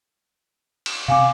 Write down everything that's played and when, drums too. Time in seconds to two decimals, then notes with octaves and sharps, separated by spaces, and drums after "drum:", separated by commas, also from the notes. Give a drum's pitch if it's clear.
0.86 drum: cymbal
1.08 C3 C4 F5 G#5 D6